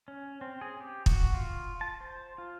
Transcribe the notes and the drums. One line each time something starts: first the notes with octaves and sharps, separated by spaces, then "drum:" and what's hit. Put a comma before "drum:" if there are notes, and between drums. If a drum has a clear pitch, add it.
C#4
C4
G#4
G4
F#4, drum: kick
F4
A5
C5
F4